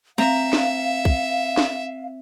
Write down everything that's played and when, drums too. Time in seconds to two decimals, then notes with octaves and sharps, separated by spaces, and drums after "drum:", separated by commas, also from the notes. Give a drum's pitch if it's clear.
0.18 C4 E5 F5 A#5
0.53 drum: snare
1.05 drum: kick
1.57 drum: snare